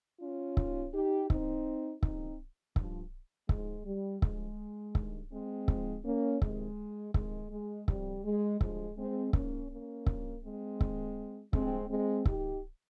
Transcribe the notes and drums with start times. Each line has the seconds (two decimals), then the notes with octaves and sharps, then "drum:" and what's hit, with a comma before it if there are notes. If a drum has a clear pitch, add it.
0.20 C#4 F4
0.57 D#2 D#3, drum: kick C#1
0.93 D#4 G4
1.30 D#2 D#3 C4 D#4, drum: kick C#1
2.03 D#2 C#3 F3 C4 D#4, drum: kick C#1
2.76 G2 F3, drum: kick C#1
3.49 G#2 F3 G#3, drum: kick C#1
3.85 G3
4.22 G2 F3 G#3, drum: kick C#1
4.95 G2 D#3, drum: kick C#1
5.32 G#3 C4
5.68 G#2 F3, drum: kick C#1
6.04 A#3 C#4
6.42 F2 C3 D#3 G#3, drum: kick C#1
7.14 F2 C3 D#3 G#3, drum: kick C#1
7.51 G#3
7.88 F2 C3 F3 G3, drum: kick C#1
8.25 G#3
8.61 G2 F3 G#3, drum: kick C#1
8.97 G#3 C4
9.33 G#2 F3 A#3 C#4, drum: kick C#1
9.70 A#3 C#4
10.06 G2 F3, drum: kick C#1
10.43 G#3 C4
10.81 D#2 D#3, drum: kick C#1
11.53 G2 F3 G#3 C4, drum: kick C#1
11.89 G#3 C4
12.25 G#2 D#3 D#4 G4, drum: kick C#1